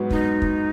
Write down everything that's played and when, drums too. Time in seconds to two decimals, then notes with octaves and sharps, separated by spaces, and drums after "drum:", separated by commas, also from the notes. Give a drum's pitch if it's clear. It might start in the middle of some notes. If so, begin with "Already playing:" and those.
Already playing: G#2 F#3 B3 F#4
0.11 D#4, drum: kick
0.42 drum: kick